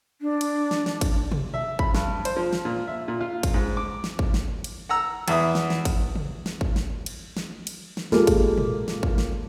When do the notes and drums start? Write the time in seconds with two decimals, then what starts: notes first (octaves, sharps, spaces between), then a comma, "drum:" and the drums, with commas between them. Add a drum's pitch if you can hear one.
0.21 D4
0.41 drum: cymbal
0.71 drum: snare
0.86 drum: snare
1.01 drum: kick, cymbal
1.32 drum: tom
1.54 E5
1.79 B5, drum: kick
1.95 G2, drum: snare
2.25 C5, drum: cymbal
2.36 F3
2.53 drum: snare
2.65 A#2
2.87 E5
3.08 A#2
3.21 F4
3.43 drum: kick, cymbal
3.54 G#2
3.77 D6
4.04 drum: snare
4.19 drum: kick
4.34 drum: snare
4.64 drum: cymbal
4.89 F#5 A#5 E6
5.28 E2 E5 D#6, drum: cymbal
5.55 drum: snare
5.70 drum: snare
5.85 drum: kick, cymbal
6.16 drum: tom
6.46 drum: snare
6.61 drum: kick
6.76 drum: snare
7.06 drum: cymbal
7.37 drum: snare
7.67 drum: cymbal
7.97 drum: snare
8.12 G#3 A#3 F4 G4 A4, drum: snare
8.27 drum: kick, cymbal
8.58 drum: tom
8.88 drum: snare
9.03 drum: kick
9.18 drum: snare